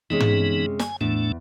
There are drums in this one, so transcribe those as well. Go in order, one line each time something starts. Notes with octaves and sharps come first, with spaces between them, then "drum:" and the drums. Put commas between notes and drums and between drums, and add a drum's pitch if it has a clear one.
C3 E3 G#3 B3 C#4 D#4
drum: tom
G#5, drum: snare
E2 A2 A3 D4